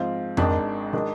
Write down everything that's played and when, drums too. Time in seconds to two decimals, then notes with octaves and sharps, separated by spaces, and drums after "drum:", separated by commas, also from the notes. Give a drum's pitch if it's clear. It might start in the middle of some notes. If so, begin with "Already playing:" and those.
Already playing: G#2 F3 C4 F4
0.37 G#1 G#2 D#3 G#3 D4, drum: tom F2
0.93 D#3 G#3 D4